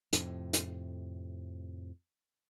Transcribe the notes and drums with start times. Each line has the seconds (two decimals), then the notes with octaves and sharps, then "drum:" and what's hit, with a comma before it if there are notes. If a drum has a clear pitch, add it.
0.13 F2 A2 C3, drum: hi-hat
0.53 drum: hi-hat